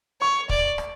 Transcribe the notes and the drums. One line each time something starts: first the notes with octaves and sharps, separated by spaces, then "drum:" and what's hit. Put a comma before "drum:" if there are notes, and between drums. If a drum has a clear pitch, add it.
C#5 C#6
D5, drum: kick
drum: rim click